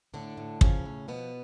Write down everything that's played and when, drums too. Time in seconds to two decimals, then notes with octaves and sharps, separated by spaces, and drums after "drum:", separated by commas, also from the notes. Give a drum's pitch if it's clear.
0.14 A2 D3 D4
0.37 A2
0.61 C#3 F3 C#4, drum: kick
0.85 A2
1.08 B2 F3 B3